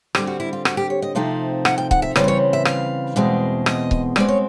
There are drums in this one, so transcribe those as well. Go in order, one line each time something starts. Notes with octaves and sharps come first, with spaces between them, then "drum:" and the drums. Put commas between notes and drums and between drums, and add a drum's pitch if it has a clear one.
D3 G3 C4 G4, drum: rim click
F#4
E4
F4
F#4, drum: rim click
G4
C#5
D#5
C3 F3 A3 C4 D#4 F5
F#5, drum: rim click
G5
F#5, drum: kick C#1
E5
C#3 E3 G3 C4 D5, drum: rim click
C5
C#5
E5
F5, drum: rim click
E2 B2 G#3 C4
D#5, drum: rim click
drum: kick C#1
B2 G#3 C4 D5, drum: rim click
C#5